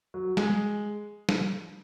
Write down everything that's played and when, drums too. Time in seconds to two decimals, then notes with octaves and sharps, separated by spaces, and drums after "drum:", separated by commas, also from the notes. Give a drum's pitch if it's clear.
0.14 F#3
0.37 G#3, drum: snare
1.29 drum: snare